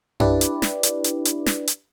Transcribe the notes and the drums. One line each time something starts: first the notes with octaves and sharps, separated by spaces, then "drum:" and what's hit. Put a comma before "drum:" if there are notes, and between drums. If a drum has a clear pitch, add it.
D4 E4 G4 B4 D5, drum: tom F#2
drum: hi-hat
drum: snare
drum: hi-hat
drum: hi-hat
drum: hi-hat
drum: snare
drum: hi-hat